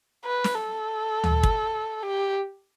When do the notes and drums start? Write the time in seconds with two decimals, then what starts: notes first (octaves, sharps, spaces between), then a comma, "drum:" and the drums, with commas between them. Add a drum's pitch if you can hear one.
0.25 B4
0.44 drum: snare
0.55 A4
1.24 drum: tom D2
1.43 drum: kick
2.02 G4